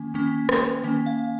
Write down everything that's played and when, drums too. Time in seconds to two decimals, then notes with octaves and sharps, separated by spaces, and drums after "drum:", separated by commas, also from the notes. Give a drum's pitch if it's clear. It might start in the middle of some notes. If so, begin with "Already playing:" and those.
Already playing: D#3 A#3 C#4 G#5
0.14 D#3 A#3 C#4
0.49 G5, drum: rim click
0.84 D#3 A#3 C#4 G#5
1.06 F5